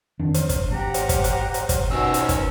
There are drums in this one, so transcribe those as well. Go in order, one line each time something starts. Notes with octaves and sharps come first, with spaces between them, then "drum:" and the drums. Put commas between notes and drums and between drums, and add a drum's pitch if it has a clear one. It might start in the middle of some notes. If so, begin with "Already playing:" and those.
F2 D#3 D4
drum: hi-hat
drum: kick, hi-hat
G#1 G4 F#5 A#5
drum: hi-hat
drum: kick, hi-hat
drum: hi-hat
drum: hi-hat
drum: kick, hi-hat
B2 D#3 C#4 E6
drum: hi-hat
drum: kick, hi-hat